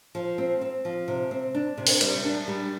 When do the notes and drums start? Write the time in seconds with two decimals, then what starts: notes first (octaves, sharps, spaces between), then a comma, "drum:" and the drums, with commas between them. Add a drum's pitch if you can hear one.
0.15 F3
0.38 C4
0.61 C4
0.85 F3
1.08 C3
1.31 C4
1.54 D4
1.77 C3
1.87 drum: open hi-hat
2.01 G3, drum: cymbal
2.24 D4
2.48 G3